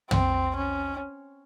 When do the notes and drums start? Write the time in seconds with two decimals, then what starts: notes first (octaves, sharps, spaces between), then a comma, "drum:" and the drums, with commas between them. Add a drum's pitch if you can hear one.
0.11 C4, drum: tom
0.56 C#4